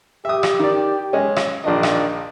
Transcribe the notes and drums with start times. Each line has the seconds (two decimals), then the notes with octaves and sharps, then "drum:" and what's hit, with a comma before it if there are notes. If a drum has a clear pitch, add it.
0.25 G4 E5 D#6
0.43 drum: rim click
0.60 D#3 D5
1.13 G#3 C#4
1.36 drum: rim click
1.64 A#1 D#3 D4 F4 D#5
1.83 drum: rim click